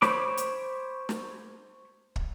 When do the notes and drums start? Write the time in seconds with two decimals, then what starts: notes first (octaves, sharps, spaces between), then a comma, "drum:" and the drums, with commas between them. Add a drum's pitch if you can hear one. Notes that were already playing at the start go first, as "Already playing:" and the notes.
0.02 C5 C#5 B5 C#6 D6, drum: snare
0.38 drum: hi-hat
1.09 drum: snare
2.16 drum: kick